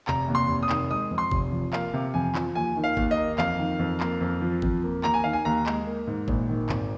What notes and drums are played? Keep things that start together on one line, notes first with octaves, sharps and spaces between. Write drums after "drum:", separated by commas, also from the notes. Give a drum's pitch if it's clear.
F1 A#5, drum: clap
D#2
C6
F1
D#6
D#3, drum: clap
G#3 D#6
F2
C6
F1, drum: kick G1
F3
A#3 F5, drum: clap
C3
F2 G#5
F3, drum: clap
D#2 G#5
D#3
F5
D#2, drum: kick G1
D#5
A#3
F2 F5, drum: clap
D#3
F2
A#3, drum: clap
F2
F3
F2, drum: kick G1
A#3
D#2 A#5, drum: clap
G#5
D#3 F5
G#5
D#2 A#5
G#3, drum: clap
A#3
G#2
A#1, drum: kick G1
D#3
G#1, drum: clap